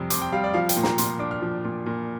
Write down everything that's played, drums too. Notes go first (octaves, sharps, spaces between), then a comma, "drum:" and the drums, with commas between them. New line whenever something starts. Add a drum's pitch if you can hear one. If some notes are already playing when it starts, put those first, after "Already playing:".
Already playing: F2 C3 G3
C4 D6, drum: hi-hat
G5
G3 F5
D5
F3 F5
G5, drum: hi-hat
A#2
A#5, drum: snare
A#2 C6, drum: hi-hat
D4 D6
F6
F3
A#2
A#2